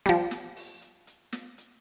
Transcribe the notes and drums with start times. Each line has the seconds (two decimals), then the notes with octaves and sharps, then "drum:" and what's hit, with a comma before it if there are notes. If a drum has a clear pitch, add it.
0.06 F3 G3, drum: snare
0.31 drum: snare
0.56 drum: open hi-hat
0.82 drum: hi-hat
1.07 drum: hi-hat
1.32 drum: snare
1.58 drum: hi-hat